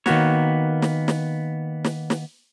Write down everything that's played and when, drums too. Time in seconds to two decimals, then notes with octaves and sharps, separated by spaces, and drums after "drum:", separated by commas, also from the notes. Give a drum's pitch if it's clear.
0.06 D#3 A#3 B3 F#4 C#5, drum: snare
0.82 drum: snare
1.08 drum: snare
1.84 drum: snare
2.10 drum: snare